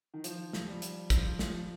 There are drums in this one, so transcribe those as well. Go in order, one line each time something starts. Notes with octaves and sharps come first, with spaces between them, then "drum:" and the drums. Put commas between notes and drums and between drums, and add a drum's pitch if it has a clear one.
D#3
F3, drum: hi-hat
drum: snare
G3
drum: hi-hat
F3, drum: kick, hi-hat
drum: snare